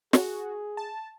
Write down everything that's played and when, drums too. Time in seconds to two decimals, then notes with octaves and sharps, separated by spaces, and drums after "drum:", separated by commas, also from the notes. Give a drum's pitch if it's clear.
0.13 F#4 G#4, drum: snare
0.77 A5